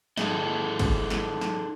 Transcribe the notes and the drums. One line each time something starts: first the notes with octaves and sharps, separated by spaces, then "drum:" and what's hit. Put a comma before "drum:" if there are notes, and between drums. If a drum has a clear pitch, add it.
D#4 F4 G#4 A4 D5 D#5, drum: snare
drum: kick, cymbal
drum: snare
drum: snare